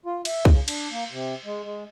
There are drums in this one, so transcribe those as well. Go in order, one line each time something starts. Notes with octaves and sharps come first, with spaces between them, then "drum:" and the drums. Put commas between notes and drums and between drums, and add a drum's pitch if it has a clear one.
F4
E5, drum: cymbal
C#3, drum: kick
D4, drum: cymbal
A#3
C3
G#3
G#3